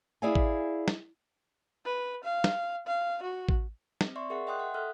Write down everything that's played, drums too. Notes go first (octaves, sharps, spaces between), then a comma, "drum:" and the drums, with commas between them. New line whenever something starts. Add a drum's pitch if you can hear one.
E4 G#4 D5 E5 F5 G#5
drum: kick A1
drum: snare
B4
F5
drum: snare
F5
F#4
drum: kick A1
C4, drum: snare
D5 E5 C6 C#6
G#4 A#4 E5 F#5
D#5 E5 G5 C6 D#6 F#6
F#5
A4 E5 D#6 F6 F#6